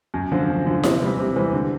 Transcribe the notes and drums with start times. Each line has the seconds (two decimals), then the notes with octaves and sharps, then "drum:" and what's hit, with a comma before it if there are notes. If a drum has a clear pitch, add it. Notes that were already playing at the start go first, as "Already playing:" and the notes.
0.14 F#2
0.32 D3 F3
0.50 F#2
0.66 D3 F3
0.83 C3, drum: snare E4
1.02 E3 G3 C4
1.19 C3
1.36 E3 G3 C4
1.53 D3